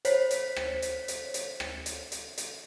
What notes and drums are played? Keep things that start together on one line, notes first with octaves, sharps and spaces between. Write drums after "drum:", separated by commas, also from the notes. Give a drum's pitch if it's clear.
C5 C#5 B6, drum: hi-hat
drum: hi-hat
drum: rim click
drum: hi-hat
drum: hi-hat
drum: hi-hat
drum: rim click
drum: hi-hat
drum: hi-hat
drum: hi-hat